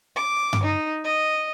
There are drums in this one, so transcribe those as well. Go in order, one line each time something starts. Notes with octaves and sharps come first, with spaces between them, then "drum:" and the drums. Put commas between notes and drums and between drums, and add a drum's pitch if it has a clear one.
D6
drum: tom G2
D#4
D#5